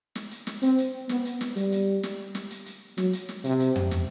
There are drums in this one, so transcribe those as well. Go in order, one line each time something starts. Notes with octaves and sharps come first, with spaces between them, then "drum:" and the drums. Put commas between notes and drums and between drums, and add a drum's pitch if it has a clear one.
drum: snare
drum: hi-hat
drum: snare
C4, drum: hi-hat
drum: hi-hat
B3, drum: snare
drum: hi-hat
drum: snare
G3, drum: hi-hat
drum: hi-hat
drum: snare
drum: snare
drum: hi-hat
drum: hi-hat
F#3, drum: snare
drum: hi-hat
drum: snare
C3, drum: hi-hat
drum: hi-hat
drum: tom
drum: snare